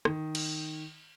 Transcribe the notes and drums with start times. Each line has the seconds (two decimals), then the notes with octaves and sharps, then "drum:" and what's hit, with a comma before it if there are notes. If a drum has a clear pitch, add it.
0.05 D#3, drum: rim click
0.35 drum: cymbal